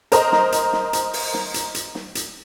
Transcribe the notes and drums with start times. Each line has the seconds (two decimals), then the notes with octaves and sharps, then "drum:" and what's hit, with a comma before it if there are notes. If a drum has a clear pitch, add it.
0.12 A#4 C5 D#5 A#5, drum: hi-hat
0.32 drum: snare
0.52 drum: hi-hat
0.73 drum: snare
0.93 drum: hi-hat
1.13 drum: open hi-hat
1.34 drum: snare
1.54 drum: hi-hat
1.75 drum: hi-hat
1.95 drum: snare
2.15 drum: hi-hat